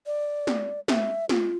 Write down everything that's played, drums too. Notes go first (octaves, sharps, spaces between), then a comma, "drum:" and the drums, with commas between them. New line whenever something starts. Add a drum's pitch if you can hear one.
D5
drum: snare
E5, drum: snare
F4, drum: snare